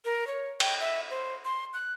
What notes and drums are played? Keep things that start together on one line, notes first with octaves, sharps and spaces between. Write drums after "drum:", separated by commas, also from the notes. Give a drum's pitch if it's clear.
A#4
C#5
G5, drum: cymbal
E5
C5
C6
F#6